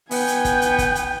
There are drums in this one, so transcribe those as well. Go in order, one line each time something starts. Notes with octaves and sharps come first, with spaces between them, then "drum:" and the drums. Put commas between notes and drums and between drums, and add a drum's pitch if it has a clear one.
B3 G5 G#5, drum: open hi-hat
drum: hi-hat
drum: kick, hi-hat
drum: hi-hat
drum: kick, hi-hat
drum: hi-hat